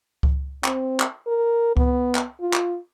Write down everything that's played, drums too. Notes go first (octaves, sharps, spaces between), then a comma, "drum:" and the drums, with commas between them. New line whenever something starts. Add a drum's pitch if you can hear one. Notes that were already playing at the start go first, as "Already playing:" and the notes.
drum: kick C#2
C4, drum: clap
drum: clap
A#4
B3, drum: kick C#2
drum: clap
F4
drum: clap